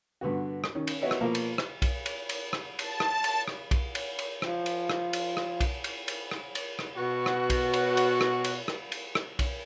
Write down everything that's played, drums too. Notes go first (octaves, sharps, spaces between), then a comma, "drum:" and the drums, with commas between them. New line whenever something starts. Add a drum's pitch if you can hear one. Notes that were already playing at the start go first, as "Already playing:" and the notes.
G2 D3 B3 F#4
drum: rim click
D#3 C#4
drum: cymbal
B3 F#4 C#5 D#5 E5
drum: rim click
B2 F3 A#3
drum: cymbal
drum: rim click
drum: kick B1, cymbal
drum: cymbal
drum: cymbal
drum: rim click
A5, drum: cymbal
drum: rim click
drum: cymbal
drum: rim click
drum: kick B1, cymbal
drum: cymbal
drum: cymbal
F3, drum: rim click
drum: cymbal
drum: rim click
drum: cymbal
drum: rim click
drum: kick B1, cymbal
drum: cymbal
drum: cymbal
drum: rim click
drum: cymbal
drum: rim click
B2 B3 F#4
drum: rim click
drum: kick B1, cymbal
drum: cymbal
drum: cymbal
drum: rim click
drum: cymbal
drum: rim click
drum: cymbal
drum: rim click
drum: kick B1, cymbal